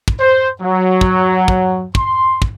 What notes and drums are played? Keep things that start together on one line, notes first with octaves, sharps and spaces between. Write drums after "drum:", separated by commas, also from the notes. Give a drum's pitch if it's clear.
drum: kick
C5
F#3
drum: kick
drum: kick
C6, drum: kick
drum: kick